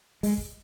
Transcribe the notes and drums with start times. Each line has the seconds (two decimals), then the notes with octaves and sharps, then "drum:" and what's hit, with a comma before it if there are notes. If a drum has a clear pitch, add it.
0.23 G#3, drum: open hi-hat
0.38 drum: kick